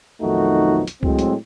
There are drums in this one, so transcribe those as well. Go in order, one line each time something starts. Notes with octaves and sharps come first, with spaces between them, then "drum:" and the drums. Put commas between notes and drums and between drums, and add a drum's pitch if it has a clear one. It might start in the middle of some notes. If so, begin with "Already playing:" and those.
B1 F2 D#3 A3 D#4 F#4
drum: hi-hat
A2 F#3 G#3 C4, drum: kick C2
drum: hi-hat